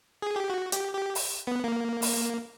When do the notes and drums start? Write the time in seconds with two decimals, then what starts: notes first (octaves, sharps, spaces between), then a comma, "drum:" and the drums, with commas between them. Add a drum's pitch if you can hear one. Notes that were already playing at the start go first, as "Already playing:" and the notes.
0.22 G#4
0.36 G4
0.50 F#4
0.72 G4, drum: hi-hat
0.94 G4
1.15 drum: open hi-hat
1.47 B3
1.64 A#3
2.02 drum: open hi-hat